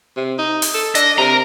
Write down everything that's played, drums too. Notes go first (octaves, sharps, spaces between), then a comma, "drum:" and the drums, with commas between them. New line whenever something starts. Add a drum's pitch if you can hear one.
C3
D#4
drum: open hi-hat
A4
D4 D#5, drum: hi-hat
C3 A#4 A#5